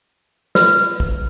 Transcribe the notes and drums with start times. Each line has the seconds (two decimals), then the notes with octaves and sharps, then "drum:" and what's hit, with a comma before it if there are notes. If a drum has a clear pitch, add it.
0.55 B4, drum: snare
1.00 drum: kick